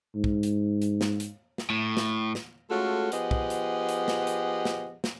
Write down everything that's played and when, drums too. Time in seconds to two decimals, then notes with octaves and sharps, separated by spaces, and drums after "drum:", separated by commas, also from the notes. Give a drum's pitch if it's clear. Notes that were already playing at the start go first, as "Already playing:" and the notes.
0.15 G#2
0.24 drum: kick
0.43 drum: hi-hat
0.82 drum: hi-hat
1.01 drum: snare
1.20 drum: hi-hat
1.58 drum: snare
1.70 A2
1.97 drum: snare
2.35 drum: snare
2.70 G#3 A3 C#4 F4 F#4 A4
3.12 F3 B3 G4 G#4 D#5 F#5, drum: hi-hat
3.31 drum: kick
3.50 drum: hi-hat
3.89 drum: hi-hat
4.08 drum: snare
4.27 drum: hi-hat
4.65 drum: snare
5.04 drum: snare